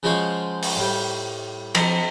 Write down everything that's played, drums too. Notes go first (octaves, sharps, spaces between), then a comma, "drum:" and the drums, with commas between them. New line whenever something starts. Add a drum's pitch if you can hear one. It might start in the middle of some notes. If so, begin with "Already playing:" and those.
C#3 F3 G#3 F4 F#4 C5
drum: open hi-hat
A2 G3
F2, drum: cymbal